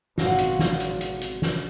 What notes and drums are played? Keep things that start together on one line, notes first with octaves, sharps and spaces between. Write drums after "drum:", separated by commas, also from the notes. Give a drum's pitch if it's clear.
G#1 B2 C4 F#4 F5 F#5, drum: snare
drum: hi-hat
drum: snare
drum: hi-hat
drum: hi-hat
drum: hi-hat
drum: snare